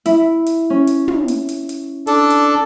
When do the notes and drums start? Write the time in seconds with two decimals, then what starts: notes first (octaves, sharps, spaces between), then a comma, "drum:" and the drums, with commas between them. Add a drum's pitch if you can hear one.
0.06 E4, drum: hi-hat
0.46 drum: hi-hat
0.70 C#4
0.87 drum: hi-hat
1.08 drum: tom
1.28 drum: hi-hat
1.49 drum: hi-hat
1.69 drum: hi-hat
2.07 D4 A4, drum: hi-hat
2.30 drum: hi-hat